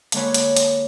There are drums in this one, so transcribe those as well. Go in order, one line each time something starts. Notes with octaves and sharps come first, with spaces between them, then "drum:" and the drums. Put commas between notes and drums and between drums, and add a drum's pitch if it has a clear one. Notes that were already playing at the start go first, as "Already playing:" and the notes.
D3 G#3 A#3 B4 C#5, drum: hi-hat
drum: hi-hat
drum: hi-hat